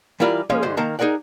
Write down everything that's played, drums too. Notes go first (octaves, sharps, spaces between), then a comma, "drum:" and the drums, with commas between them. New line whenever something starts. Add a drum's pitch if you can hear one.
E3 G3 E4 F4 A#4 D5
F3 G#3 A#3 C#4, drum: tom
G2 D3 G#3 C5
D#3 A#3 A#4 A5 A#5
D#4 G#4 A#4 D5 F#5